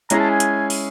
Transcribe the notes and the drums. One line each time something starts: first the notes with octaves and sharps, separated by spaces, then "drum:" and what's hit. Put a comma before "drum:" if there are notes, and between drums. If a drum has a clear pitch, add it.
G#3 C#4 E4 G#4 A#5, drum: hi-hat
A5
G#5
drum: hi-hat
drum: open hi-hat